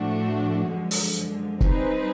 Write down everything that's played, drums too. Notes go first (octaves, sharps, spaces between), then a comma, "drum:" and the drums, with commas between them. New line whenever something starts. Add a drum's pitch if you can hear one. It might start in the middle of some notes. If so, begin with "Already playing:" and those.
Already playing: A2 F3 A3 D4 F#4
F#2 D3 F3 G#3
drum: open hi-hat
G3 C4 D#4 G#4 B4, drum: kick